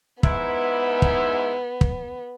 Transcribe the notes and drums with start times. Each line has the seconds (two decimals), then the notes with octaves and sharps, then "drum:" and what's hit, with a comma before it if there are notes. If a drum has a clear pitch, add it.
0.23 G#2 B3 E4, drum: kick
1.02 drum: kick
1.81 drum: kick